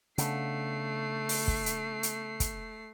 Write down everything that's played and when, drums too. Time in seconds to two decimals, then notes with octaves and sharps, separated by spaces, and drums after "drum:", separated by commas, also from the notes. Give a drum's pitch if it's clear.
0.18 C#3 A3 B3 D4 C7, drum: hi-hat
1.29 drum: open hi-hat
1.48 drum: kick
1.66 drum: hi-hat
2.03 drum: hi-hat
2.40 drum: kick, hi-hat